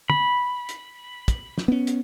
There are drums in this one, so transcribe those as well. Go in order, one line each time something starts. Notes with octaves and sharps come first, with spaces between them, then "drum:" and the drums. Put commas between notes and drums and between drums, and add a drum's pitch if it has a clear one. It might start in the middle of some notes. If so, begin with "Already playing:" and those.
B5, drum: tom
drum: hi-hat
drum: kick, hi-hat
drum: snare
B3 C#4
drum: hi-hat